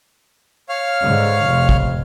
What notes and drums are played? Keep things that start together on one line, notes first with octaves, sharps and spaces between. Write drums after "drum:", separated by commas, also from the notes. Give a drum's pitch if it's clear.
C#5 F5 F6
G#2 D3
F1 F2
drum: kick